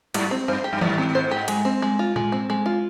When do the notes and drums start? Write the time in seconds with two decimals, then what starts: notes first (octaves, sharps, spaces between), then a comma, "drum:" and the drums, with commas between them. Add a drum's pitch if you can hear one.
0.14 G#2 G3, drum: cymbal
0.31 C4
0.48 G2 C5
0.64 G4
0.73 G2
0.81 G#2 G3, drum: tom D#3
0.98 C4
1.15 C5
1.31 G4
1.48 G#3, drum: cymbal
1.65 C4
1.82 G#3
1.99 F4
2.16 G#3, drum: tom A2
2.32 C4
2.50 G#3
2.66 F4